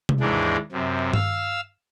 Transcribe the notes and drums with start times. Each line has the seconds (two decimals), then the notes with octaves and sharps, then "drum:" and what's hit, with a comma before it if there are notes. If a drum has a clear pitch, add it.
0.09 drum: tom C3
0.20 D#2 G#2 E3 G#3 D4
0.72 F#2 C3
1.13 F5 E6, drum: tom G2